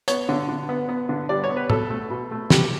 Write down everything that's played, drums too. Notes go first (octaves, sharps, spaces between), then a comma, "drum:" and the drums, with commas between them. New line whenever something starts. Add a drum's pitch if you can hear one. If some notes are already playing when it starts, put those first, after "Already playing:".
B3 C#5, drum: hi-hat
D3
D3
B3
B3
D3
G3 D5
C#5
B3
B4
B2 A4, drum: tom
A3
B2
A3
B2 G4, drum: snare